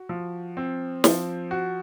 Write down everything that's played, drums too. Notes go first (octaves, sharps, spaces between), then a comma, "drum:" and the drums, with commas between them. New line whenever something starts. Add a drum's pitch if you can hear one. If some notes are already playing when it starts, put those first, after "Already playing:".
Already playing: F#4
F3
C4
F3, drum: snare
F#4